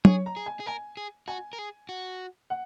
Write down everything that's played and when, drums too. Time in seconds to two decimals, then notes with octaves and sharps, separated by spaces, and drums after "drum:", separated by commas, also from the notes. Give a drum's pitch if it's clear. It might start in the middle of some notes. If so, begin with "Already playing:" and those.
0.05 G#4 C#5, drum: tom
0.26 A#5
0.37 G#4
0.46 G#5
0.60 G#4
0.66 A#4 G#5
0.97 G#4
1.28 F#4 G#5
1.53 A#4
1.59 G#4
1.89 F#4
2.50 F#5